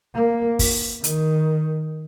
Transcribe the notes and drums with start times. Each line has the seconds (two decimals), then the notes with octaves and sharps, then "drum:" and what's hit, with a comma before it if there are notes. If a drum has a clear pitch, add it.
0.15 A#3
0.59 drum: kick, open hi-hat
1.04 D#3, drum: hi-hat